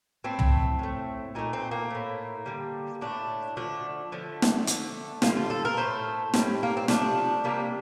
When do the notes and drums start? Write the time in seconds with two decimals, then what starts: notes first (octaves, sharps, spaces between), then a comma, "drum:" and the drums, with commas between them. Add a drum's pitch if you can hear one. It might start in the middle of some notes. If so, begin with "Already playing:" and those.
0.24 A2 A3 C4
0.39 drum: tom
0.79 A2 A3
1.35 A#2 A3 D#4
1.53 C4
1.71 A#3
1.90 A2 A3
2.46 D3 G3
3.01 A2 A3 D4
3.57 D3 F3 A3 D4
4.12 D3 F3 A3
4.42 drum: snare
4.67 D3 A3, drum: hi-hat
5.22 D3 G3 F4, drum: snare
5.37 F4
5.50 A4
5.65 A#4
5.77 A2 A3 C5
6.34 A2 G3, drum: snare
6.63 A#3
6.77 C4
6.88 C3 F3 A3 D4, drum: snare
7.44 C3 G3 A#3